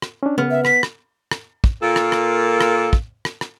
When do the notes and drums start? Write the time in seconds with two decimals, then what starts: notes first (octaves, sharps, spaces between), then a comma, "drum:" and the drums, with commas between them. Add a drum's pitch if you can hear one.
0.02 drum: rim click
0.23 C#4 D4
0.38 C#3 B3 F6
0.51 E5
0.65 B6, drum: rim click
0.83 drum: rim click
1.31 drum: rim click
1.64 drum: kick
1.83 A#2 A#3 F4 A4
1.96 drum: rim click
2.12 drum: rim click
2.61 drum: rim click
2.93 drum: kick
3.25 drum: rim click
3.41 drum: rim click